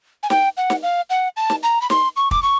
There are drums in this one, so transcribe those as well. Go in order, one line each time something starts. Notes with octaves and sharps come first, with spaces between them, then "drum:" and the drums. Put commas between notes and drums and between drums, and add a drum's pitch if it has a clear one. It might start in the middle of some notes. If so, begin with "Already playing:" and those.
G#5
G5, drum: snare
F#5
drum: snare
F5
F#5
A5
drum: snare
A#5
B5
C6, drum: snare
C#6
D6, drum: kick
C#6